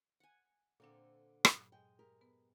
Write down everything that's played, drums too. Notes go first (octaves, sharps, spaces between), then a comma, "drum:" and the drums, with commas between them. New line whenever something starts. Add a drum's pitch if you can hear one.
F#5 G#5
A#2 D3 A#3 C4 D4 A4
G2 A#2 F#3, drum: rim click
G#3 G5
G4 G#4 A#4
B3 B4